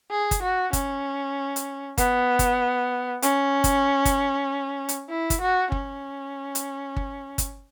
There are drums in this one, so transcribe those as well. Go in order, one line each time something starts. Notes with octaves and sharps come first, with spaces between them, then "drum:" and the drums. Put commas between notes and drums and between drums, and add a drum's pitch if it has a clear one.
G#4
drum: kick G1, hi-hat
F#4
C#4, drum: kick G1, hi-hat
drum: hi-hat
B3, drum: kick G1, hi-hat
drum: kick G1, hi-hat
C#4, drum: hi-hat
drum: kick G1, hi-hat
drum: kick G1, hi-hat
drum: hi-hat
E4
drum: kick G1, hi-hat
F#4
C#4, drum: kick G1
drum: hi-hat
drum: kick G1
drum: kick G1, hi-hat